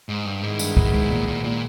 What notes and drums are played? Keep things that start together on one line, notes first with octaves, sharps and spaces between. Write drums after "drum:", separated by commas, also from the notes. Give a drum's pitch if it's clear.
G#2
G2
G#2 D#3 G#3 B3 E4
G2, drum: tambourine
G#2, drum: kick C2
G#2
A#2
A#2
A#2